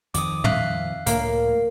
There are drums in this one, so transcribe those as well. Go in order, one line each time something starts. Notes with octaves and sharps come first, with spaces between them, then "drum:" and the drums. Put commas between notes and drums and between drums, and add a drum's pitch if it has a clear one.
F2 D#3 F3 D6 D#6, drum: hi-hat
E5 F5 F#6, drum: tom
C#2 A2 A#3 F5, drum: hi-hat